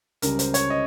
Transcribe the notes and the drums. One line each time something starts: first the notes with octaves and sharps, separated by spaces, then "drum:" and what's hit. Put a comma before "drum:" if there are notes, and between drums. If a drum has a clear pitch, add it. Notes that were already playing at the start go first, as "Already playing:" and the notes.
C#2 C#3 G3 A#4, drum: hi-hat
C5, drum: hi-hat
C#5, drum: hi-hat
D#5